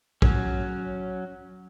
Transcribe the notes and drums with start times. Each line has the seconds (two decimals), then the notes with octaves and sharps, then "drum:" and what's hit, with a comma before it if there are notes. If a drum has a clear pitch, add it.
0.22 F#3 C#4, drum: kick